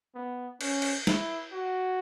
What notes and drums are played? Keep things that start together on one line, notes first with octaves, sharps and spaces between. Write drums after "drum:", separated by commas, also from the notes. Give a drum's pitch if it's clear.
B3
C#4, drum: cymbal
drum: cymbal
E4, drum: snare
F#4